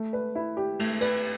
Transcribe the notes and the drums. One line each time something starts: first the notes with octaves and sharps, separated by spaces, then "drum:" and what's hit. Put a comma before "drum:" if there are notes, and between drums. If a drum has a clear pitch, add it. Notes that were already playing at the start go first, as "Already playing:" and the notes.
Already playing: A3
B4
E4
G4
A3, drum: cymbal
B4, drum: cymbal